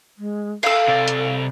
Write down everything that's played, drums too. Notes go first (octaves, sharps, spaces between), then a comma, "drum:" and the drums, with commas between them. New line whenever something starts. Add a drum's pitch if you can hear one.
G#3
A4 F5 E6, drum: cymbal
C3 D5
drum: hi-hat